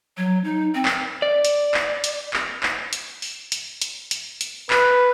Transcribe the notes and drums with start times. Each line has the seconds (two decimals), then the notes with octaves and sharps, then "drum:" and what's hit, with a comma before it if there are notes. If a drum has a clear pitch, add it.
0.17 F#3
0.44 D#4
0.74 C4
0.85 drum: clap
1.22 D5
1.45 drum: hi-hat
1.74 drum: clap
2.04 drum: hi-hat
2.33 drum: clap
2.63 drum: clap
2.93 drum: hi-hat
3.22 drum: open hi-hat
3.52 drum: hi-hat
3.82 drum: hi-hat
4.11 drum: hi-hat
4.41 drum: hi-hat
4.70 B4, drum: clap